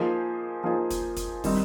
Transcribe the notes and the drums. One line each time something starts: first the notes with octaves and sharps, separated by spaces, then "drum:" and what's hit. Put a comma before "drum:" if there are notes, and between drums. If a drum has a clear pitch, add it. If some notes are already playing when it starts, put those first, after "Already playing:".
Already playing: F3 A#3 D#4 G#4 C5
F3 A#3 D#4 G#4 C5
drum: kick, hi-hat
drum: kick, hi-hat
D#3 G3 C4 D#4, drum: kick, open hi-hat